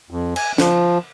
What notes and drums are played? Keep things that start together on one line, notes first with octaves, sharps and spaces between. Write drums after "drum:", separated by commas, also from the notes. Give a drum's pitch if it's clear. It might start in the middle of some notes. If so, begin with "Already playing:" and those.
F2
G#5, drum: cymbal
F3, drum: snare